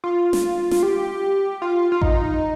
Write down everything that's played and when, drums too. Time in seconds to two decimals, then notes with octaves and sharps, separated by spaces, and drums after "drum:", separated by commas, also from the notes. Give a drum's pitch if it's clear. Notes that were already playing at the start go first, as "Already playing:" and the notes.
0.04 F4
0.33 drum: snare
0.71 F4, drum: snare
0.83 G4
1.62 F4
1.92 F4
2.02 D#4, drum: kick A1